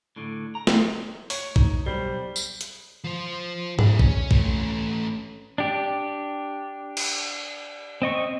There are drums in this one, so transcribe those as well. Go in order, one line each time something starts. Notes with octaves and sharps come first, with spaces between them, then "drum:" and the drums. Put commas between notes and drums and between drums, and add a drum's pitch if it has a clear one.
A2 D3
A#5
drum: snare
C#5, drum: open hi-hat
D#4, drum: kick
B1 G3 C5
drum: tambourine
drum: hi-hat
F3 C5
D4 E4, drum: tom G#2
C#4, drum: kick
A3 C#4, drum: kick
D4 G4
drum: cymbal
C4 D#5 C#6